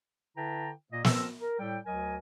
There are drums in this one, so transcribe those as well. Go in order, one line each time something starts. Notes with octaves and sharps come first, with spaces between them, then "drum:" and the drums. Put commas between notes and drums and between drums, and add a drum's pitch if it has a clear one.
D3 E4 B4 G5 A5 A#5
A#2 A#3 D#5
F3 C4 A#4 E6, drum: snare
A#4
A2 G3 A4 G5
D2 F#3 A#4 D#5 G#5